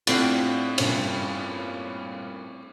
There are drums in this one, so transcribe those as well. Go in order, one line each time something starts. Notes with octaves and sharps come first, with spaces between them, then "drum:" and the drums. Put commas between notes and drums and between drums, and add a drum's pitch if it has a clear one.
A2 C4 D4 F4 D5 F5 F#5, drum: cymbal
G2 A#2 C#4, drum: cymbal